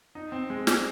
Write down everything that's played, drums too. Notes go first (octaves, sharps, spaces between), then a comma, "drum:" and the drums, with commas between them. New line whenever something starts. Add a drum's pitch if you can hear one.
D#4
C4
G#3
C4, drum: snare